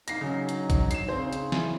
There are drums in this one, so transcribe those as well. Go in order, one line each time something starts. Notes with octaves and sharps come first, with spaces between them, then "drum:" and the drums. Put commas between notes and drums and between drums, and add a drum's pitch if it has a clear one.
G#2 A#3 D4 D#4 A#6 C7, drum: hi-hat
C#3 F#3
drum: hi-hat
drum: kick, hi-hat
C7 E7, drum: hi-hat
C#3 C4 C5
drum: hi-hat
E4 G#5, drum: snare